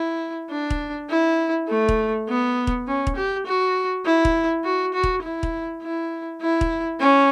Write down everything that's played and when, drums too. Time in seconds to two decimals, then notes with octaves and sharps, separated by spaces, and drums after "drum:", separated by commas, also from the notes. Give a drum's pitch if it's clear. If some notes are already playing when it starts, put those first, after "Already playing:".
Already playing: E4
0.51 D4
0.70 drum: kick
1.10 E4
1.69 A3
1.89 drum: kick
2.28 B3
2.67 drum: kick
2.87 C#4
3.07 drum: kick
3.16 G4
3.46 F#4
4.05 E4
4.25 drum: kick
4.64 F#4
4.94 F#4
5.04 drum: kick
5.23 E4
5.43 drum: kick
5.83 E4
6.42 E4
6.61 drum: kick
7.00 C#4